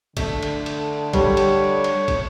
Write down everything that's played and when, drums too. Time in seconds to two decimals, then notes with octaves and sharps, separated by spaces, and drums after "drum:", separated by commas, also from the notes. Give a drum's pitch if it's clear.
0.17 D3 A3, drum: kick, cymbal
0.43 drum: cymbal
0.66 drum: cymbal
1.13 G3 C#5, drum: kick, cymbal
1.37 drum: cymbal
1.84 drum: cymbal
2.08 drum: kick, cymbal